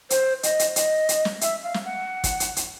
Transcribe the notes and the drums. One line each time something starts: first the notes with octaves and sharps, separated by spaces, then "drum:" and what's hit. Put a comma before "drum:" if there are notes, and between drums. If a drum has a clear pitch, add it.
C5, drum: hi-hat
D#5, drum: hi-hat
drum: hi-hat
D#5, drum: hi-hat
drum: hi-hat
drum: snare
E5, drum: hi-hat
F5
drum: snare
F#5
drum: kick, hi-hat
drum: hi-hat
drum: hi-hat